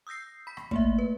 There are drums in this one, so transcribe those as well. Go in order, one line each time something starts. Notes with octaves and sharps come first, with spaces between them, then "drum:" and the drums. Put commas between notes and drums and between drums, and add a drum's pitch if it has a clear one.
D#6 E6 G6 A#6 C7
B5 B6
drum: rim click
A3 A#3 E5, drum: kick
B4